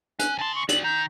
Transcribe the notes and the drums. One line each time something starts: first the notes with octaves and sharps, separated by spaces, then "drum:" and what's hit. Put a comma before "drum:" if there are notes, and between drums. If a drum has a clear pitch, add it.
C#4 F#6, drum: hi-hat
C#3 A5 C6
C#6
F#4 D5 F#7, drum: hi-hat
D#3 G6